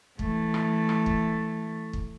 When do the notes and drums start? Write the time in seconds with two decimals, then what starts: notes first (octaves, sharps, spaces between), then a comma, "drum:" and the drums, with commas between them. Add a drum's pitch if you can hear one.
0.19 E3 A3, drum: kick
0.54 drum: rim click
0.89 drum: rim click
1.06 drum: kick
1.93 drum: kick